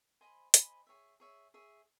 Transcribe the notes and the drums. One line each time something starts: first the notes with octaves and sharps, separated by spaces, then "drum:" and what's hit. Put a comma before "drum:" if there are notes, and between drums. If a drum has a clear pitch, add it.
C5 D#5 G#5 B5
C5 D#5 G#5 B5, drum: hi-hat
G#4 C#5 E5
G#4 C#5 E5
G#4 C#5 E5